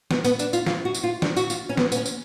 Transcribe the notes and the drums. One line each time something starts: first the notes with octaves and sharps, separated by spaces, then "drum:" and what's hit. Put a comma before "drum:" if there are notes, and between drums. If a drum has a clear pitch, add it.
B3, drum: snare
B3, drum: tambourine
D4, drum: tambourine
F4, drum: tambourine
F4, drum: snare
F#4
drum: tambourine
F4
D4, drum: snare
F#4, drum: tambourine
F4, drum: tambourine
C#4
B3, drum: snare
B3, drum: tambourine
C#4
drum: tambourine